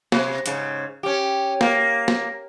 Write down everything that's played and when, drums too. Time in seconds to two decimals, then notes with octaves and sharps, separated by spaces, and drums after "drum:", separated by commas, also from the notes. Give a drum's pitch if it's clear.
0.12 C3, drum: snare
0.46 G#2 C#3, drum: hi-hat
1.03 C#4 G4
1.61 A#3, drum: snare
2.08 drum: snare